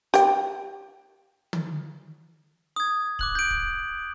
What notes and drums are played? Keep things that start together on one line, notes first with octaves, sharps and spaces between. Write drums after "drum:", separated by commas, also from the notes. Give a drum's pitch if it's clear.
G4 G5, drum: hi-hat
drum: tom
D#6 G#6
D6 F#6 F#7, drum: kick
G6 D7
drum: kick